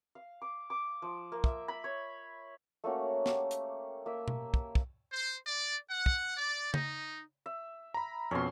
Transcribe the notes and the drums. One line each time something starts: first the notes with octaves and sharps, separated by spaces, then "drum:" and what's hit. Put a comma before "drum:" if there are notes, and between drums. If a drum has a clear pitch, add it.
F5
D6
D6
F3
A#3
E5, drum: kick
B5
C#5
A3 A#3 C#4 F#4
G4, drum: snare
drum: hi-hat
A#3 E5
drum: tom B2
drum: kick
drum: kick
C5
D5
F#5
drum: kick
D5
D#4, drum: tom C#3
E5
A#5 B5
F2 B2 C#4 C6